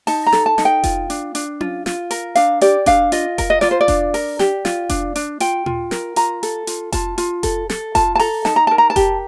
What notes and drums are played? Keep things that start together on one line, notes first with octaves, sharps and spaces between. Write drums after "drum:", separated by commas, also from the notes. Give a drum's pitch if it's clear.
D#4 A5, drum: open hi-hat
A#5
A4, drum: snare
A5
D#4, drum: snare
G5
F4, drum: kick F1, hi-hat
D4, drum: hi-hat
D4, drum: hi-hat
F4, drum: tom C#4
F4, drum: snare
A#4, drum: hi-hat
D4 F5, drum: hi-hat
G4 D5, drum: hi-hat
D4 F5, drum: kick F1, hi-hat
F4 D#5, drum: hi-hat
A#4, drum: kick F1, hi-hat
D#5
F4 D5, drum: snare
C5
D5
D4, drum: kick F1, hi-hat
A#4, drum: open hi-hat
G4, drum: snare
F4, drum: snare
D4, drum: kick F1, hi-hat
D4, drum: hi-hat
F4 G5, drum: hi-hat
F4, drum: tom A#2
A#4, drum: snare
F4 A#5, drum: hi-hat
A4, drum: hi-hat
F4, drum: hi-hat
F4 A5, drum: kick F1, hi-hat
F4, drum: hi-hat
A4, drum: kick F1, hi-hat
A4, drum: snare
F4 A5, drum: kick F1, hi-hat
A5
A4 A#5, drum: open hi-hat
D#4 A5, drum: snare
A#5
A#4 A5
A#5
A5
G4, drum: kick F1, hi-hat